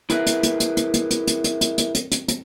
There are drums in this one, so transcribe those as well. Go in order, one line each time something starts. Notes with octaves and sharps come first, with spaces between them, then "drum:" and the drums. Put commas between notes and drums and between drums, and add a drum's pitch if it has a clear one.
E4 G#4 A#4 B4 E5, drum: hi-hat
drum: hi-hat
drum: hi-hat
drum: hi-hat
drum: hi-hat
drum: hi-hat
drum: hi-hat
drum: hi-hat
drum: hi-hat
drum: hi-hat
drum: hi-hat
drum: hi-hat
drum: hi-hat
drum: hi-hat